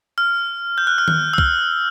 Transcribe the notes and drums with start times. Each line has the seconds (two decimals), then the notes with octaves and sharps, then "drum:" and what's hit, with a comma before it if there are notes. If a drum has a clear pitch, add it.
0.18 F6
0.78 G6
0.87 F#6
0.98 F6
1.08 F#6, drum: tom D#3
1.34 E6
1.38 F6, drum: kick